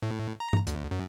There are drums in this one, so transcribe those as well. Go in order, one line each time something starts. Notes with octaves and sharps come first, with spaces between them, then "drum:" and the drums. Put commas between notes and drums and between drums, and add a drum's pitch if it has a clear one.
A2
A#5
drum: tom G2
D2, drum: hi-hat
F#2